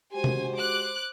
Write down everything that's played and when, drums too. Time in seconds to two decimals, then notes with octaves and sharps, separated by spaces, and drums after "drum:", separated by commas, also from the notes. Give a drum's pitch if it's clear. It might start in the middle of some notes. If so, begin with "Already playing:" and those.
0.13 G#3 F#4 G4 C5 G#5
0.24 drum: tom
0.56 D6 F#6